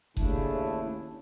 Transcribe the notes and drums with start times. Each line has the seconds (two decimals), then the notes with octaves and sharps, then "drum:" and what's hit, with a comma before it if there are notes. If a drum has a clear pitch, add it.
0.17 D#2 C#3 A3 D4 E4, drum: kick F#1